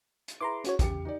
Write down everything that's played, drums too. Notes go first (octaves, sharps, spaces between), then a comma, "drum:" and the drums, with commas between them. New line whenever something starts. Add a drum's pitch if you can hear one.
drum: hi-hat
E4 G#4 B4 A#5 C6 D6
C#4 F#4 C#5, drum: hi-hat
E2 C#3 G4 C#7, drum: kick, hi-hat
D#4 G4 D5